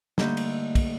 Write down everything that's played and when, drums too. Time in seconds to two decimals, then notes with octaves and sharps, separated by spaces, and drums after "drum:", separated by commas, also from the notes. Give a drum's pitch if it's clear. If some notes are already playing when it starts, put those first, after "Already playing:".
0.18 G2 D3 A3 A#3 D#4 G6, drum: snare
0.37 drum: cymbal
0.75 drum: kick, cymbal